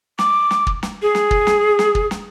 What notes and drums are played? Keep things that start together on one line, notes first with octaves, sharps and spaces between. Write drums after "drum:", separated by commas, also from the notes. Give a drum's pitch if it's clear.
D6, drum: snare
drum: snare
drum: kick
drum: snare
G#4
drum: snare
drum: kick
drum: snare
drum: snare
drum: kick
drum: snare